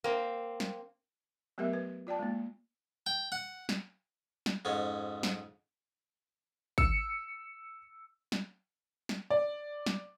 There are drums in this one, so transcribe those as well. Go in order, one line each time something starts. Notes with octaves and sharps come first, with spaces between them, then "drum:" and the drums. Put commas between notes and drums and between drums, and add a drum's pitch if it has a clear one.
A#3 C4
drum: snare
F#3 A3 B3 G4 A#4 E5
B4
F4 D5 G5 A5
G#3 A#3
G5
F#5
drum: snare
drum: snare
F2 G#2 C#4
drum: snare
E6 C#7, drum: kick G#1
drum: snare
drum: snare
D5
drum: snare